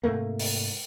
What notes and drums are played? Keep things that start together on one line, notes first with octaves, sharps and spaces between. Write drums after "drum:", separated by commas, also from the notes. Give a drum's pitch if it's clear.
G#2 C3 A3 A#3
drum: open hi-hat